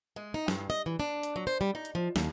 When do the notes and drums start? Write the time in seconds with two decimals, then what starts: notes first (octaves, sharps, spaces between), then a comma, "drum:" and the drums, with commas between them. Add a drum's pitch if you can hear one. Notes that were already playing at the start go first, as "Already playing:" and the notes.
0.16 G#3
0.34 D#4
0.48 G2, drum: snare
0.70 D#5
0.86 E3
1.00 D4
1.23 drum: hi-hat
1.36 F#3
1.47 C5
1.61 G3
1.75 D#4
1.85 drum: hi-hat
1.95 F3
2.16 D#2, drum: snare